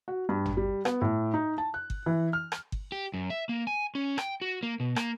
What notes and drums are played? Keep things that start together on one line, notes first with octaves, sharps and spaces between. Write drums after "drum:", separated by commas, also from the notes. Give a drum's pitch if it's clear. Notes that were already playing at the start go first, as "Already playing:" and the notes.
F#4
G2
drum: tom G#1
G3
B3, drum: rim click
A2
D#4
A5
F#6
drum: kick G1
E3
F6
drum: rim click
drum: kick G1
G4
F#2
E5
A#3
G#5
C#4
G5, drum: rim click
F#4
A#3
B2
A#3, drum: rim click